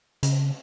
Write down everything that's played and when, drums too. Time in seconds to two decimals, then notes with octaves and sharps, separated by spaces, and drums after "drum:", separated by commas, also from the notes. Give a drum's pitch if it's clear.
0.23 C#3, drum: hi-hat